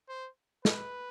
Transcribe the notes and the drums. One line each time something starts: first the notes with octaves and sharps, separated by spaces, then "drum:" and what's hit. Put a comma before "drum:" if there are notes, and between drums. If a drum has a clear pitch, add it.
C5
B4, drum: snare